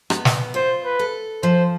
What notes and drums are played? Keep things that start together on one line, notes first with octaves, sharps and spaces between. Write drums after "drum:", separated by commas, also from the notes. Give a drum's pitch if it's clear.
B3, drum: rim click
drum: snare
F4 C5
B4
A4
F3 C5